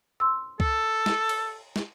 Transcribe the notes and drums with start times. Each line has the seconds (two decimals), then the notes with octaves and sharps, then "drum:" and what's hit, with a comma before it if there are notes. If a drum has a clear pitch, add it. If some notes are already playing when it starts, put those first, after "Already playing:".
0.20 C6 E6
0.60 A4, drum: kick C2
1.06 drum: snare
1.29 drum: cymbal
1.76 drum: snare